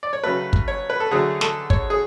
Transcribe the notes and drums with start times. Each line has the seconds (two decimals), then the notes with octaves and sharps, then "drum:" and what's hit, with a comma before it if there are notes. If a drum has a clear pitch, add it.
0.03 D5
0.13 C#5
0.24 C#3 F#3 A3 B4
0.53 drum: kick
0.68 C#5
0.90 B4
1.00 A4
1.11 D3 F#3 A3 G#4
1.41 A4, drum: snare
1.70 C#5, drum: kick
1.90 G#4